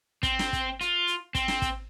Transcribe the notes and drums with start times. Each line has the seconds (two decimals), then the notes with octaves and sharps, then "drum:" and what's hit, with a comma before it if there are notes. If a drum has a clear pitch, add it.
0.23 C4, drum: kick, hi-hat
0.39 drum: snare
0.53 drum: kick, hi-hat
0.81 F4, drum: hi-hat
1.07 drum: hi-hat
1.35 C4, drum: kick, hi-hat
1.48 drum: snare
1.62 drum: kick, hi-hat